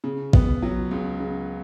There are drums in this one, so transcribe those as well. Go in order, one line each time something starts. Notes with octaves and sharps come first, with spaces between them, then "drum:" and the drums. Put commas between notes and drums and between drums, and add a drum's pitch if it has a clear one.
C#3
B3, drum: kick A1
F#3
C#2
C#3